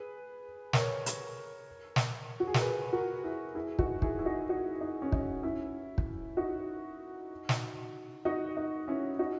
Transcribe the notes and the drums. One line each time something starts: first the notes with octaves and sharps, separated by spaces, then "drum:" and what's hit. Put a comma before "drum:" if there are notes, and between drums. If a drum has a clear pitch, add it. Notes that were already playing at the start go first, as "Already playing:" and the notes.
Already playing: G#4 B4
A#4 C#5, drum: snare
drum: hi-hat
drum: snare
F#4
G#4
A#4, drum: snare
G#4 B4
F#4 A#4
E4 G#4
E4 G#4
D#4 F#4, drum: kick
E4 G#4, drum: kick
E4
D#4 F#4
D#4 F#4
D#4
C#4
D#4, drum: kick
C#4 E4
drum: kick
D#4 F#4
drum: snare
D#4 F#4
D#4
C#4 E4
D#4 F#4